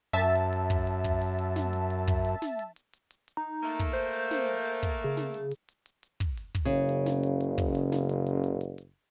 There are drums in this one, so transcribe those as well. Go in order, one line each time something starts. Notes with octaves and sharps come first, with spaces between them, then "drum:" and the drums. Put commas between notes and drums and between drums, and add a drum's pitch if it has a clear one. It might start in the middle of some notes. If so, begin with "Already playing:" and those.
F#2 E5 A5
drum: hi-hat
drum: hi-hat
drum: kick, hi-hat
drum: hi-hat
drum: kick, hi-hat
drum: open hi-hat
drum: hi-hat
drum: snare
drum: hi-hat
drum: hi-hat
drum: kick, hi-hat
drum: hi-hat
drum: snare
drum: hi-hat
drum: hi-hat
drum: hi-hat
drum: hi-hat
drum: hi-hat
D#4
A3 A#3
drum: kick, hi-hat
C5
drum: hi-hat
drum: snare
drum: hi-hat
drum: hi-hat
drum: kick, hi-hat
C#3
drum: snare
drum: hi-hat
drum: hi-hat
drum: hi-hat
drum: hi-hat
drum: hi-hat
drum: kick, hi-hat
drum: hi-hat
drum: kick, hi-hat
F#1 C#3
drum: hi-hat
drum: snare
drum: hi-hat
drum: hi-hat
drum: kick, hi-hat
drum: hi-hat
drum: snare
drum: hi-hat
drum: hi-hat
drum: hi-hat
drum: hi-hat
drum: hi-hat